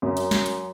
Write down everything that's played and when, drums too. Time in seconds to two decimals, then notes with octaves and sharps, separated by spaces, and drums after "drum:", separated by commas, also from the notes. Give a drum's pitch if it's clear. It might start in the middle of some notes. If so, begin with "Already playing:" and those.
0.02 F#2
0.17 drum: hi-hat
0.31 drum: snare
0.46 drum: hi-hat